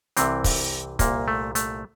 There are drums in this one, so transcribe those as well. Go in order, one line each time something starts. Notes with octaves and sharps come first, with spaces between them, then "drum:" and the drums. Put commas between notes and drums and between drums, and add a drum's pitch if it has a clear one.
C2 C3 E3 C4, drum: hi-hat
drum: kick, open hi-hat
C2 A#2 A#3, drum: kick, hi-hat
A3
A3, drum: hi-hat